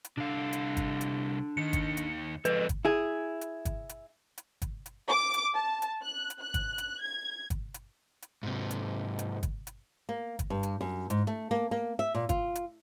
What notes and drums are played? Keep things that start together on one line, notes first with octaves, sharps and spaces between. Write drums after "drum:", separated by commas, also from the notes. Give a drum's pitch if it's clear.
drum: hi-hat
C2 D4 A4 F5
drum: hi-hat
drum: kick G1, hi-hat
drum: hi-hat
D#2 D#3 C#7
drum: kick G1, hi-hat
drum: hi-hat
F3 G#3 A4 B4 D#5, drum: hi-hat
drum: kick G1, hi-hat
E4 G#4
drum: hi-hat
drum: kick G1, hi-hat
drum: hi-hat
drum: hi-hat
drum: kick G1, hi-hat
drum: hi-hat
D6
drum: hi-hat
A5
drum: hi-hat
F#6
drum: hi-hat
F#6
drum: kick G1, hi-hat
drum: hi-hat
G#6
drum: kick G1, hi-hat
drum: hi-hat
drum: hi-hat
G#2 C3
drum: hi-hat
drum: hi-hat
drum: kick G1, hi-hat
drum: hi-hat
A#3
drum: kick G1, hi-hat
G2
drum: hi-hat
F#2
G#2, drum: hi-hat
A3
A#3
A#3
E5
A#2
F4, drum: kick G1, hi-hat
drum: hi-hat